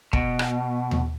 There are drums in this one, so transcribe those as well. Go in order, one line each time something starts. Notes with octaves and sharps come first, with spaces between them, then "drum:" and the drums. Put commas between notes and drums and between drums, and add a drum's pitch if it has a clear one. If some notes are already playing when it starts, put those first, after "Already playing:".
B2, drum: kick
drum: rim click
drum: tom D#2